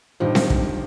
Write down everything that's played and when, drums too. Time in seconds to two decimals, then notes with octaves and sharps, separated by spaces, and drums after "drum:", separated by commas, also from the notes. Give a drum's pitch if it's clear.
0.20 G1 G2 D#3 F3 G3
0.35 drum: snare C4
0.50 drum: kick